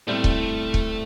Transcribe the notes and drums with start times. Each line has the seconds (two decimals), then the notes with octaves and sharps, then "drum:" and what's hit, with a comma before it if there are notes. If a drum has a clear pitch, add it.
0.08 A2 G3 A3 C4
0.24 drum: kick C#1
0.74 drum: kick C#1